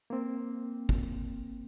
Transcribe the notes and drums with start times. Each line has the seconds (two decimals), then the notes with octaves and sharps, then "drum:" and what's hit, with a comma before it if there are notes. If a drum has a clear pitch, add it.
0.10 A#3 C4
0.89 drum: kick